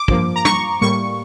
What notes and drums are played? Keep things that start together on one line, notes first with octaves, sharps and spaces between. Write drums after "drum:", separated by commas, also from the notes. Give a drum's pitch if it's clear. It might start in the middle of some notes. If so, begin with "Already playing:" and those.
Already playing: D6
G2 F3 A#3, drum: kick
A#5
C#6, drum: tom
A2 G3 A#3 C#6